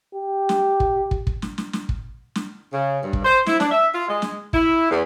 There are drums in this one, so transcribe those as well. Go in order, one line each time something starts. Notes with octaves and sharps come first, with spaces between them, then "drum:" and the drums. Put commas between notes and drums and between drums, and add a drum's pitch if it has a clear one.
G4
drum: snare
drum: kick
drum: kick
drum: kick
drum: snare
drum: snare
drum: snare
drum: kick
drum: snare
C#3
G2
drum: kick
C5
E4, drum: snare
D4, drum: snare
E5
F4
G#3
drum: snare
E4, drum: kick
E2